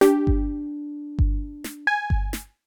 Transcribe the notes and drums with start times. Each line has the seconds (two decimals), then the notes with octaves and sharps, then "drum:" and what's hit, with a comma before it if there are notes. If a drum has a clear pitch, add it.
0.01 D4 G4, drum: snare
0.27 drum: kick G1
1.19 drum: kick G1
1.64 drum: snare
1.87 G#5
2.10 drum: kick G1
2.33 drum: snare